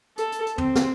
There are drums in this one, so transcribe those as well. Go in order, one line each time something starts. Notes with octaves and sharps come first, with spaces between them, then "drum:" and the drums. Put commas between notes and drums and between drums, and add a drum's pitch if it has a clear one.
A4, drum: hi-hat
drum: hi-hat
drum: hi-hat
C4, drum: tom
drum: snare